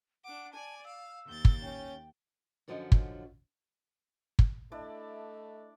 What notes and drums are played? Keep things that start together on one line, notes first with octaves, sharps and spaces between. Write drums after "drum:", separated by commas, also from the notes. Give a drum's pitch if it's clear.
D4 F#5 D6
D5 G#5 A5
F5 E6
D#2 G6 A6
drum: kick
C#4 G5
F#2 D3 F3 F#3 C#4 D#5
drum: kick
drum: kick
A3 D4 E4 D5 D#5